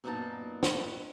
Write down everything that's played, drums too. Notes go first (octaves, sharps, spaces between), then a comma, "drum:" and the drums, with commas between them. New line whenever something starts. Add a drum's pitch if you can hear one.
F#2 A#2 A#3 B3 D#4 A5
drum: snare